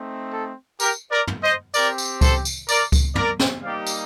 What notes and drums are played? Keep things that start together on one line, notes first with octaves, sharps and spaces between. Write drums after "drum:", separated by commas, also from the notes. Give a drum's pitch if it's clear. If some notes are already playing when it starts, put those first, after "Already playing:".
Already playing: A3 C4 D#4
A4
G4 A#4, drum: tambourine
A#4 D5
drum: tom
C5 D#5
C4 G4 A#4 D5, drum: tambourine
drum: tambourine
A4 C5, drum: kick C#2, tambourine
drum: tambourine
A#4 D5, drum: tambourine
drum: kick C#2, tambourine
A#4 D5, drum: tom
drum: snare
G3 A#3 D#4 G4 D5 F5
drum: tambourine